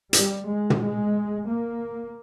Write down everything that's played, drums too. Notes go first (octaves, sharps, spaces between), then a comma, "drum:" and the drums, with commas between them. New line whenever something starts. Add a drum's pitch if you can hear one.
G3, drum: hi-hat
G#3
drum: tom
G#3
A#3